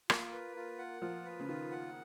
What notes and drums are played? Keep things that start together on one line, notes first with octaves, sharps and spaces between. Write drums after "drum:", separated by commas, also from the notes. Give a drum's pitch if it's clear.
A#3 F4, drum: rim click
B4
F4
F#5
F3 F4
B4
C#3
D#3 F4
F#5